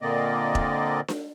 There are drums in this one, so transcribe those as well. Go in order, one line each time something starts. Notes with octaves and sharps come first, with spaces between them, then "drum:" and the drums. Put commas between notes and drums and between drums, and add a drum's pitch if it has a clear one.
A#2 D3 A#3 C4 D5 D#5
drum: kick E1
drum: snare D4